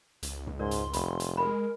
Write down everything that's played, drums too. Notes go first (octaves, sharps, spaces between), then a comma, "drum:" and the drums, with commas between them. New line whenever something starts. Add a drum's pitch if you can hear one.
C#2, drum: hi-hat
drum: tom
G#2 A#4 D5 C6
drum: hi-hat
F1 B5, drum: hi-hat
drum: hi-hat
G#3 A#4 B5